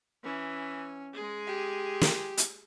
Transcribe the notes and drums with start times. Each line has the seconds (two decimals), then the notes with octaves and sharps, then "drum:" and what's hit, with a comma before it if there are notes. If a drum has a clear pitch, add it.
0.23 E3 C#4
1.14 G#3 G#4
1.47 G4
2.01 drum: snare
2.38 drum: hi-hat